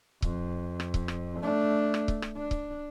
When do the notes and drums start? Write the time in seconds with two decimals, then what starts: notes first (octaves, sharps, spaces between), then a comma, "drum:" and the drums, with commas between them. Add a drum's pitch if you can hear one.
0.22 F2, drum: kick C#1
0.80 drum: rim click
0.94 drum: kick C#1
1.08 drum: rim click
1.40 A3 D4
1.94 drum: rim click
2.08 drum: kick C#1
2.22 drum: rim click
2.37 D4
2.51 drum: kick C#1